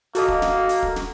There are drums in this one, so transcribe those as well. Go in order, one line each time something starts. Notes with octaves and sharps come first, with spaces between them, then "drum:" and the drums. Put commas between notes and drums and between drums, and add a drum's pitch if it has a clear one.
A#3 F#4 A4 D#5, drum: hi-hat
drum: kick
drum: snare
drum: hi-hat
drum: kick
drum: snare